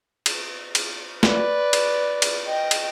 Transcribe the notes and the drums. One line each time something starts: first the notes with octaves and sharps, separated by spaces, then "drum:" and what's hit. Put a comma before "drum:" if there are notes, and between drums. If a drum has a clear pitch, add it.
drum: cymbal
drum: cymbal
B4 D5, drum: snare
drum: cymbal
drum: cymbal
D#5 G5
drum: cymbal